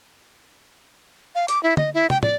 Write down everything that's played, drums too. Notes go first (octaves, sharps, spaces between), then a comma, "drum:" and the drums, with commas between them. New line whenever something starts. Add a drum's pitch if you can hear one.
F5
D6, drum: hi-hat
E4
D#5, drum: tom
E4
G5, drum: tom
D5, drum: tom